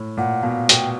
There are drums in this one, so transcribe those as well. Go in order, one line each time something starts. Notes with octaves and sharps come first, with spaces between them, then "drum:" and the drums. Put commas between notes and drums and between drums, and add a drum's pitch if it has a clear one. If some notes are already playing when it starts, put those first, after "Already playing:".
Already playing: A2
A#2 F#5
B2 F5
B2 G5, drum: hi-hat